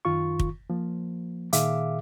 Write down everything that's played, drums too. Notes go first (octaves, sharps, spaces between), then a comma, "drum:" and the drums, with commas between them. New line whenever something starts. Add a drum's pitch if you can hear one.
F#2 D#3 F4 C#6
drum: kick
F3 A#3
A#2 D#3 G#4 E5 F5 D6, drum: hi-hat